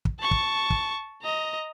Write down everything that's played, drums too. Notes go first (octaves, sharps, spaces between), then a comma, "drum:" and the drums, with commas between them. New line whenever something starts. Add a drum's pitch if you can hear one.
drum: kick
A5 C#6
drum: kick
drum: kick
D#5 A#5